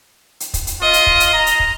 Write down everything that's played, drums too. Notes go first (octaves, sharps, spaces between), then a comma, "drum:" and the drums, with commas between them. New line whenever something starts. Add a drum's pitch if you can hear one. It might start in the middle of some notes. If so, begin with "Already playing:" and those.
drum: hi-hat
drum: kick, hi-hat
drum: hi-hat
F4 D#5
drum: hi-hat
drum: kick
drum: hi-hat
A#5
drum: hi-hat
drum: kick